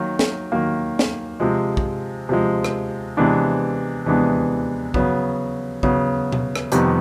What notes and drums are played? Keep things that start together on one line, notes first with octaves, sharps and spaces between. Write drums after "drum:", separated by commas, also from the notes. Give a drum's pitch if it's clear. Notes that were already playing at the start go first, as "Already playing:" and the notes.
Already playing: D#3 F#3 A#3
drum: snare
D#3 F#3 A#3
drum: snare
C3 F3 G#3
drum: kick
C3 F3 G#3
drum: rim click
C3 E3 G#3 B3 D4
C3 E3 G#3 B3 D4
C#3 F#3 B3, drum: kick
C#3 F#3 B3, drum: kick
drum: tom B2
drum: rim click
F2 C3 D#3 G3 B3, drum: hi-hat